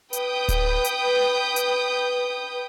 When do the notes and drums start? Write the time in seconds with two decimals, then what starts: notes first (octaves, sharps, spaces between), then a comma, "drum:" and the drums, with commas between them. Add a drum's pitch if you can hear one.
0.13 B4 G5 D#6 G6, drum: hi-hat
0.49 drum: kick D1, hi-hat
0.84 drum: hi-hat
1.56 drum: hi-hat